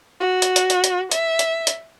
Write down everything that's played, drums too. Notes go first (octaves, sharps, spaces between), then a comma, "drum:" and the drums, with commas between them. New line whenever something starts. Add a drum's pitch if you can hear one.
F#4
drum: hi-hat
drum: hi-hat
drum: hi-hat
drum: hi-hat
E5, drum: hi-hat
drum: hi-hat
drum: hi-hat